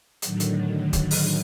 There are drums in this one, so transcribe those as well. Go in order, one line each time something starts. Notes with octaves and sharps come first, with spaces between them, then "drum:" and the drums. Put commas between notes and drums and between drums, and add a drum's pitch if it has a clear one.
A2 D3 D#3 F#3, drum: hi-hat
drum: hi-hat
drum: kick, hi-hat
drum: open hi-hat